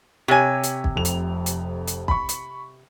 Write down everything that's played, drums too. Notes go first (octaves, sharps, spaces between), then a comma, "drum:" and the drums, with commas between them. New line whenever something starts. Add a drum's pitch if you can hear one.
C3 G4 C#5 G#5
drum: hi-hat
drum: kick
F1 F2 F7
drum: hi-hat
drum: hi-hat
drum: hi-hat
B5 C#6, drum: kick
drum: hi-hat